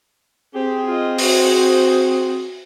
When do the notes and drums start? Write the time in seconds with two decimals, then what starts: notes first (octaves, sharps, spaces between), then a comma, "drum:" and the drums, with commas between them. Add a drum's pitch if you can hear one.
0.54 C4 G4 G#4
0.86 F4 D#5
1.18 F#4 C5, drum: open hi-hat